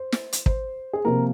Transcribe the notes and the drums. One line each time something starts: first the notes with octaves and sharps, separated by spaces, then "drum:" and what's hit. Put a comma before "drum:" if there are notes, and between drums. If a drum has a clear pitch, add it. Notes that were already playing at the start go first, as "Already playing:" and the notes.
Already playing: C5
drum: snare
drum: hi-hat
C5, drum: kick
G#4
C3 F3 A#3 F4 A#4